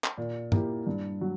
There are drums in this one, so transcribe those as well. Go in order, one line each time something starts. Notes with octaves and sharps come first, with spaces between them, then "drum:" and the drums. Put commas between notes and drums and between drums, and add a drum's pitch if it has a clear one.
drum: clap
A#2
A#3 E4 G4, drum: tom
G2
F#3